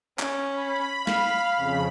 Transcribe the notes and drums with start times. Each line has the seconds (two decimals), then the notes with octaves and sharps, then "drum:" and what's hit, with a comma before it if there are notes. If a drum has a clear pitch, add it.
0.19 C#4, drum: clap
0.51 B5
1.07 F5, drum: snare
1.55 F2 C#3 B5